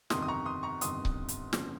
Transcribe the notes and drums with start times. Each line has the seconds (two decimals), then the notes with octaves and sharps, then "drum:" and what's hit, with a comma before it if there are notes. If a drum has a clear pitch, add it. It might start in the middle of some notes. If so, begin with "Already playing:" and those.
0.10 G1 F2 C3 D#3 C6 D#6, drum: snare
0.22 D#6
0.28 A#5 C#6
0.46 C6 D#6
0.63 A#5 C#6
0.81 G1 F2 C3 D#3 C6 D#6, drum: hi-hat
1.05 drum: kick C#1
1.28 drum: hi-hat
1.53 G1 F2 C#3 F3, drum: snare